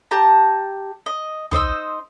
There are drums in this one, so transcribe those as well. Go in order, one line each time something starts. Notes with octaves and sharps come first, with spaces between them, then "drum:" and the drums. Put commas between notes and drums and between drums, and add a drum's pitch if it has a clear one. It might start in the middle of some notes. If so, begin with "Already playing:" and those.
G4 A5 A#5
D#5
D#4 C5 D#5 E6, drum: tom